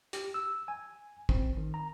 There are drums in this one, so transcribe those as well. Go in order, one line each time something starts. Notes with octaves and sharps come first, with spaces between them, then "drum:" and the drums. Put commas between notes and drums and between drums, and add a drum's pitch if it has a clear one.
G4, drum: hi-hat
E6
G#5
C4, drum: kick
D#3
A#5